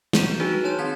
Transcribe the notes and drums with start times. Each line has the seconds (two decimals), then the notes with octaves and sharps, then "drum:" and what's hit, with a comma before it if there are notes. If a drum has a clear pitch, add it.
0.13 G#4 A#5 G6 D#7 E7 G7, drum: snare
0.40 D4 D#4 F#4 G#4 B4
0.64 D#4 C#5 A5 C6 G6
0.79 D#3 C4 C6 G#6 B6